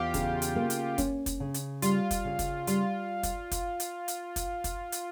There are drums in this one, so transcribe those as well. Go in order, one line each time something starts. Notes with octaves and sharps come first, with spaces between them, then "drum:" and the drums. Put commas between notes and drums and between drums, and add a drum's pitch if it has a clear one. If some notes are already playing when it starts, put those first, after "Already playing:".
Already playing: E2 F4 G4
C#3, drum: kick, hi-hat
drum: hi-hat
A#3
drum: hi-hat
C#4, drum: kick, hi-hat
drum: kick, hi-hat
C#3
drum: hi-hat
G3 F4, drum: hi-hat
drum: kick, hi-hat
C#3
drum: kick, hi-hat
G3 F4, drum: hi-hat
drum: kick, hi-hat
drum: kick, hi-hat
drum: hi-hat
drum: hi-hat
drum: kick, hi-hat
drum: kick, hi-hat
drum: hi-hat